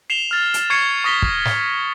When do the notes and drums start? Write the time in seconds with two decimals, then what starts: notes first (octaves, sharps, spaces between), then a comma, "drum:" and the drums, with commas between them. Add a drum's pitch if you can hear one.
0.10 C7 E7 F7 G7
0.31 F6 A6
0.54 drum: hi-hat
0.70 C#6 G#6 C7 C#7
1.04 C#6 D#6 A#6 B6 G7
1.22 drum: kick
1.45 drum: snare